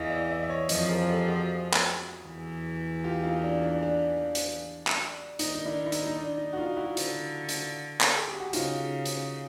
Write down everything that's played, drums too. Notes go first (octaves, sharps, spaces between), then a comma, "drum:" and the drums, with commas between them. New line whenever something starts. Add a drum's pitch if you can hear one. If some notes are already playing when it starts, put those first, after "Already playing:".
Already playing: E2 E3 D#5 F5
D5 E5
D5 E5
E5
C#5 D#5
F2 F3 C#5 D#5, drum: hi-hat
G#4 A#4
G4 A4
F#4 G#4
drum: clap
E2 E3
F4 G4
D#4 F4
D4
D4
D4
drum: hi-hat
drum: clap
D#3 D#4, drum: hi-hat
D#4
D4 E4
E4
D#4, drum: hi-hat
D#4
D4
D#4
F#4
D#4 F4
E4 F#4
D3, drum: hi-hat
drum: hi-hat
drum: clap
G#4
G4
F#4
C#3 D#4 F4, drum: hi-hat
drum: hi-hat